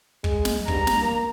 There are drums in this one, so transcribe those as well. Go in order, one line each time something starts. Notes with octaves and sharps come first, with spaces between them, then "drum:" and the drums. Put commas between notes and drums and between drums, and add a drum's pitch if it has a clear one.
G#3, drum: kick
drum: snare
G2 A#5, drum: kick
drum: snare
A#3